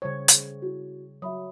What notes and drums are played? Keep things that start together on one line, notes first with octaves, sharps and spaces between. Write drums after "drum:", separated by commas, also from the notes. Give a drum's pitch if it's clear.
C#3 G3 C5 C#5
drum: hi-hat
E4 F#4
F#3 E5 B5 D#6